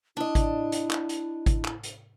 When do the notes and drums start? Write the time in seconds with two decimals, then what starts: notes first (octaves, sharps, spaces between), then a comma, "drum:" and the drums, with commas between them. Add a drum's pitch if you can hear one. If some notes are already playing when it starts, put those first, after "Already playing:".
0.17 D4 E4 D#5
0.35 drum: kick G#1, hi-hat
0.72 drum: hi-hat
0.91 drum: clap
1.09 drum: hi-hat
1.46 drum: kick G#1, hi-hat
1.65 drum: clap
1.83 drum: hi-hat